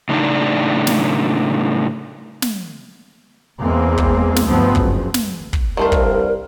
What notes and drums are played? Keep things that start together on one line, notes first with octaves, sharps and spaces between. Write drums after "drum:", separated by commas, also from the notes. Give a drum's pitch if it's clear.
A2 C#3 D4 D#4 D5
drum: snare
drum: snare
E2 G#3 A#3 C4
drum: kick
drum: snare
D2 G2 F3 B3 C4
F#1, drum: kick
drum: snare
drum: kick
C2 G2 D#3 A3 A#4 C5
drum: kick